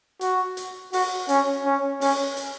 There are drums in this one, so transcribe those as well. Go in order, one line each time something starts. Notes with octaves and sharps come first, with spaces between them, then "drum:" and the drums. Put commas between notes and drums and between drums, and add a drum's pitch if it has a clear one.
F#4, drum: hi-hat
drum: hi-hat
F#4, drum: open hi-hat
C#4, drum: hi-hat
C#4
C#4, drum: open hi-hat
drum: hi-hat